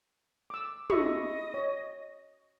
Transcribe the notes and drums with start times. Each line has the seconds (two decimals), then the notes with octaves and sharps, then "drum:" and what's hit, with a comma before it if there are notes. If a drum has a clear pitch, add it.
0.50 D6 E6
0.90 D#5 E5 B5 C#6, drum: tom
1.54 C#5